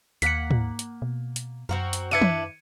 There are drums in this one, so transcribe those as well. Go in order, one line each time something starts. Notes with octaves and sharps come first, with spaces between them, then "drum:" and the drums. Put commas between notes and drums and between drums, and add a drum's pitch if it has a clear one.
D#2 A#3 F#5 B6 C#7, drum: hi-hat
drum: tom
drum: hi-hat
B2
drum: hi-hat
F#2 C4 F#4 A#4
drum: hi-hat
D4 E4 B4 G#6 C#7 D#7
drum: tom